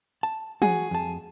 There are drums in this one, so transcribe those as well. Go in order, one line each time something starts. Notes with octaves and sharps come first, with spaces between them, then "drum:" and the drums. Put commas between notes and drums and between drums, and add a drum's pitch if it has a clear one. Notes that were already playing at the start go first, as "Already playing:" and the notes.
A5
F#4 G#4, drum: tom
F2 A5